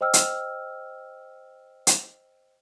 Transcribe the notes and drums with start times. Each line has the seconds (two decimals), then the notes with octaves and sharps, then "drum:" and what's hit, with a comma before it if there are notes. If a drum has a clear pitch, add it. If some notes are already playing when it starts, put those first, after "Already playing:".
0.01 C5 D#5 G5 E6 F6
0.13 drum: hi-hat
1.87 drum: hi-hat